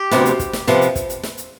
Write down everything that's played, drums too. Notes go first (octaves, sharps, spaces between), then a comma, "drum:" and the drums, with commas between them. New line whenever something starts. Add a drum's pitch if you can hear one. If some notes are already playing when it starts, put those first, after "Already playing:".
Already playing: G4
D2 C3 F3 B3, drum: snare
drum: hi-hat
drum: kick, hi-hat
drum: snare
C3 F3 B3, drum: snare
drum: hi-hat
drum: kick, hi-hat
drum: hi-hat
drum: snare
drum: hi-hat